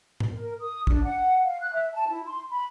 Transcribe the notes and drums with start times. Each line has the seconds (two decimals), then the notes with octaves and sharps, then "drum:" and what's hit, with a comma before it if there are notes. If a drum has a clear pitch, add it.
0.20 drum: tom G#2
0.33 A#4
0.60 D#6
0.87 D4, drum: kick
1.03 F#5
1.44 F5
1.61 F#6
1.74 E5
1.93 A5
2.08 E4
2.26 C6
2.50 B5